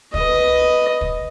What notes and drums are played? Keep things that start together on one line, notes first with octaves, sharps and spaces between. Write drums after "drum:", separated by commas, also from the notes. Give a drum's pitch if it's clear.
B4 D#5, drum: kick
drum: kick